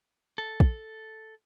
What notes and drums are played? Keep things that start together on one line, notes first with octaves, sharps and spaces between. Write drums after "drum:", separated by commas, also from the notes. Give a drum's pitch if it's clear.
A4
drum: kick